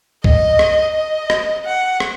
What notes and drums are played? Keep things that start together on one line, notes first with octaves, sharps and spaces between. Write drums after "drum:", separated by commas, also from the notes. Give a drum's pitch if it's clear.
D#5, drum: kick C#2
drum: rim click
D#5
drum: rim click
F#5
drum: rim click